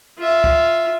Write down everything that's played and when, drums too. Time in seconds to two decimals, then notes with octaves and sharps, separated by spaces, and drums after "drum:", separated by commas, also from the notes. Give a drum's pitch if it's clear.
0.18 F4 E5
0.44 drum: kick